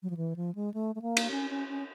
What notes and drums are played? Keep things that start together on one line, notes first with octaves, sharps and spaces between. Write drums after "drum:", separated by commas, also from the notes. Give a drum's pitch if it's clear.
F#3
F3
E3
F3
G#3
A3
A3
A#3
drum: cymbal
C#4
C#4
C#4